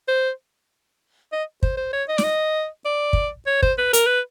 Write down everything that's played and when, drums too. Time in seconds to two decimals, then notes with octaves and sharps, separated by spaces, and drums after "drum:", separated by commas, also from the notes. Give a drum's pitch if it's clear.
0.08 C5
1.32 D#5
1.63 C5, drum: kick
1.77 C5
1.93 C#5
2.09 D#5
2.18 D5, drum: snare
2.24 D#5
2.86 D5
3.13 drum: kick
3.47 C#5
3.63 C5, drum: kick
3.78 B4
3.93 A#4, drum: hi-hat
4.07 B4